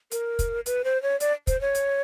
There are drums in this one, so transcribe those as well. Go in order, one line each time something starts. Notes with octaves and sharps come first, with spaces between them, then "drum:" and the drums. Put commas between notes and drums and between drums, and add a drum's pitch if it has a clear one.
A#4, drum: hi-hat
drum: kick, hi-hat
B4, drum: hi-hat
C5
C#5
D5, drum: hi-hat
C5, drum: kick, hi-hat
C#5
drum: hi-hat